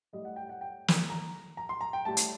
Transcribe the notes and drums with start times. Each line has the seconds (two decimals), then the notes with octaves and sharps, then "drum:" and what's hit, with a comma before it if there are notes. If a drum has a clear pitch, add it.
0.13 A2 G3 D#5
0.25 F#5
0.36 G5
0.49 F#5
0.61 G5
0.88 drum: snare
1.10 A#5
1.57 A#5
1.69 C6
1.81 A#5
1.93 G5
2.05 A2 G3 A5
2.17 drum: hi-hat